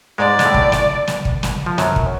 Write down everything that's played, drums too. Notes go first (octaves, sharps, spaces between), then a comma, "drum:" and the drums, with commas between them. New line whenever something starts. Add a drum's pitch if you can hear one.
G#2 G#3 D5
G#3, drum: snare
A2 A3
drum: kick
drum: snare
drum: snare
drum: kick
drum: snare
F3
F#2 F#3, drum: snare
drum: kick